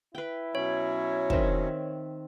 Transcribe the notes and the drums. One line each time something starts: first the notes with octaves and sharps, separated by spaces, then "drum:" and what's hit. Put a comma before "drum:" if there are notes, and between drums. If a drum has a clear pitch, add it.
E4 B4 G5
B2 F#3 C#4 C#5
D#3 C4 E5, drum: kick